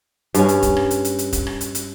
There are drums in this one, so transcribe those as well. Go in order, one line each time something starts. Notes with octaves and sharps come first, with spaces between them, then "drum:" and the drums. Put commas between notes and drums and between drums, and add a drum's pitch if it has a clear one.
G2 C#4, drum: hi-hat
drum: hi-hat
drum: kick, hi-hat
drum: rim click
drum: hi-hat
drum: hi-hat
drum: hi-hat
drum: kick, hi-hat
drum: rim click
drum: hi-hat
drum: hi-hat